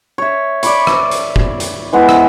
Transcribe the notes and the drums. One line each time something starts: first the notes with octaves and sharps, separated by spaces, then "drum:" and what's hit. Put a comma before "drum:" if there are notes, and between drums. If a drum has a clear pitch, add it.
C#5 E5
D5 E5 B5 C#6, drum: hi-hat
drum: rim click
drum: hi-hat
drum: kick
drum: hi-hat
E3 G#3 B3 E4
drum: rim click